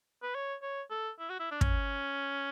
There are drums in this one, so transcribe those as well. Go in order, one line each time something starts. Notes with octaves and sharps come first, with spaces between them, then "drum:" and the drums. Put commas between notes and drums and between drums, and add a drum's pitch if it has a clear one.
B4
C#5
C#5
A4
E4
F#4
E4
D4
C#4, drum: kick